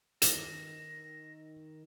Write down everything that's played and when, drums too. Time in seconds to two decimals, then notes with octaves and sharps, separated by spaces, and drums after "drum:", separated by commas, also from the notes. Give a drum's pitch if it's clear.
0.22 D#3 A#6 E7, drum: hi-hat